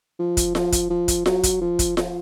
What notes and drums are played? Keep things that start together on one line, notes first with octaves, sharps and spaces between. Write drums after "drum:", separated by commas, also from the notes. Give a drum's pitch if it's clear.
F3
drum: kick, hi-hat
F3, drum: snare F4
drum: kick, hi-hat
F3
drum: kick, hi-hat
F#3, drum: snare F4
drum: kick, hi-hat
F3
drum: kick, hi-hat
F3, drum: snare F4